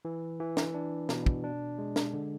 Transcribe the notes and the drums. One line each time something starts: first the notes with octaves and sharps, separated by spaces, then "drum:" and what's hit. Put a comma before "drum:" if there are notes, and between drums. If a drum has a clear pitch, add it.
E3
E3
drum: snare
D4
B2, drum: snare
drum: kick
D4
G#3
drum: snare
D3